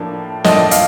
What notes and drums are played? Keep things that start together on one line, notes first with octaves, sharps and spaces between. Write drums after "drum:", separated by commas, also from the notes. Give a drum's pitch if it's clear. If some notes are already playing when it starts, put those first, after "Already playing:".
Already playing: A2 F3 A#3 D4
A2 F3 A#3 D4 D#5, drum: snare
F5, drum: hi-hat